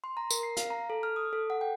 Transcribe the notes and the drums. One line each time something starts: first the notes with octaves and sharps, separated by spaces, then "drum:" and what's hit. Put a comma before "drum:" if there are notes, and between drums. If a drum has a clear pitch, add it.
C6
A#5
A#4, drum: tambourine
C7
F5, drum: hi-hat
A#5
A4
F6
D#6
A4
F#5
G5